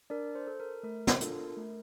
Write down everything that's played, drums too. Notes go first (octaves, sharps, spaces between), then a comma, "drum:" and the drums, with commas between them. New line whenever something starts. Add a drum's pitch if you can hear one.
D4 A#4 D5
C5
A4
A#4
A3 A#4
drum: snare
D4 F4 A4, drum: hi-hat
A3